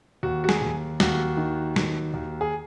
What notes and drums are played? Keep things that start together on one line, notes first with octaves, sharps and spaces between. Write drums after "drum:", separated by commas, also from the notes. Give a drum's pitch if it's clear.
D#2 F#4
F#4
G#4, drum: snare
D#2
D#2 F#4, drum: snare
D#3
D#2, drum: snare
D#2
G#4